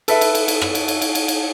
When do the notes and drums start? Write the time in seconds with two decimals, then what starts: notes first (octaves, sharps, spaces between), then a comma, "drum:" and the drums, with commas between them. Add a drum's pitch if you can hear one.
0.08 A4 B4 E5, drum: cymbal
0.21 drum: cymbal
0.35 drum: cymbal
0.48 drum: cymbal
0.61 drum: rim click
0.75 drum: cymbal
0.88 drum: cymbal
1.02 drum: cymbal
1.15 drum: cymbal
1.28 drum: cymbal